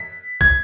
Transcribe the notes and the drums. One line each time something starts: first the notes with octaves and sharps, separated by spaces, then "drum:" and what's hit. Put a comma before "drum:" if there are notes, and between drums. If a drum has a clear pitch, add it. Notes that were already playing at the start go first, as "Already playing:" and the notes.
Already playing: B6
G#6, drum: kick B1